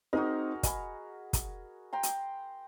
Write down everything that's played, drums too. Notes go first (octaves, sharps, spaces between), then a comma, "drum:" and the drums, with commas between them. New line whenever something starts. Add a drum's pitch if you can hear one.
C4 D#4 F#4 G#4 A#4 D#5
D#5 G#5 B5, drum: kick, hi-hat
drum: kick, hi-hat
G5 A#5 C6
drum: hi-hat